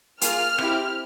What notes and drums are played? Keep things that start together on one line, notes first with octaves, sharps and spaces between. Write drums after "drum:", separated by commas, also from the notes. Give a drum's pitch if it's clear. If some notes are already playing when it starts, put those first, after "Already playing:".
A#3 F4 G#4 F6, drum: hi-hat
C4 E4 G4, drum: rim click